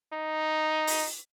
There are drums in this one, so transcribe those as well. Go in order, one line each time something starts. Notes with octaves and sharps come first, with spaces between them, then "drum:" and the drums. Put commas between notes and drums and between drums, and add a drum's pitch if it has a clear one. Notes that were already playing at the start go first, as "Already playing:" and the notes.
D#4
drum: open hi-hat